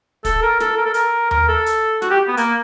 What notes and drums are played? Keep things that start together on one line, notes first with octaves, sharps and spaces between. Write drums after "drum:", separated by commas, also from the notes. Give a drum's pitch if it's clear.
A4, drum: kick, hi-hat
A#4
A4, drum: snare
A#4
A4
A#4, drum: hi-hat
A#4, drum: tom D#2
A4
drum: hi-hat
F#4, drum: snare
G4
B3
A#3, drum: hi-hat